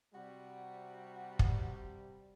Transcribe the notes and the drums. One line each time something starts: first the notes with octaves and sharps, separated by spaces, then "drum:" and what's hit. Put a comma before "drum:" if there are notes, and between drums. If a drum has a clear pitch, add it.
C3 G3 F#4
drum: kick